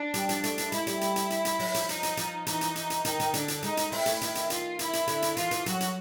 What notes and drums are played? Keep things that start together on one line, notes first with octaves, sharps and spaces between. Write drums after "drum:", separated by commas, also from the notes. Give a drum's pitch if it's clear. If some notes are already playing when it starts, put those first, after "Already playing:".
Already playing: D4
G3, drum: hi-hat
F3, drum: hi-hat
A3, drum: hi-hat
drum: hi-hat
G#3 E4, drum: hi-hat
G3, drum: hi-hat
drum: hi-hat
drum: hi-hat
drum: hi-hat
drum: hi-hat
F#3, drum: open hi-hat
F3, drum: hi-hat
D#4, drum: hi-hat
drum: hi-hat
F3, drum: hi-hat
E3 D#4, drum: hi-hat
drum: hi-hat
drum: hi-hat
drum: hi-hat
D#3 D#4, drum: hi-hat
D#3, drum: hi-hat
D3 D4, drum: hi-hat
drum: hi-hat
G#3 D#4, drum: hi-hat
drum: hi-hat
C4 E4, drum: open hi-hat
A3, drum: hi-hat
D#3, drum: hi-hat
drum: hi-hat
F4, drum: hi-hat
E4, drum: hi-hat
drum: hi-hat
D3, drum: hi-hat
drum: hi-hat
E3 F4, drum: hi-hat
E3, drum: hi-hat
F#3 F#4, drum: hi-hat
drum: hi-hat